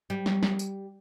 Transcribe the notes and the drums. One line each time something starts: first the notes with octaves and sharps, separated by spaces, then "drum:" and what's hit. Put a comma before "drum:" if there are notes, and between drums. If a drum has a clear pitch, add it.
G3
drum: snare
drum: snare
drum: tambourine